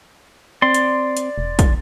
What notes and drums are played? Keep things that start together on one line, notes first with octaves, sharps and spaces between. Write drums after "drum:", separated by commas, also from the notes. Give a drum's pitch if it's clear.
C4 D5 C6
drum: hi-hat
drum: hi-hat
E1
drum: kick, hi-hat